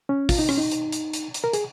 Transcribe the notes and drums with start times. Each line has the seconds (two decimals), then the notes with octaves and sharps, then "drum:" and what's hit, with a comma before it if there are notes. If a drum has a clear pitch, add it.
0.09 C#4
0.29 F4, drum: kick, open hi-hat
0.39 D#4
0.49 C#4, drum: rim click
0.57 D#4
0.72 drum: hi-hat
0.92 drum: hi-hat
1.13 drum: hi-hat
1.34 drum: hi-hat
1.44 A#4
1.53 G#4, drum: hi-hat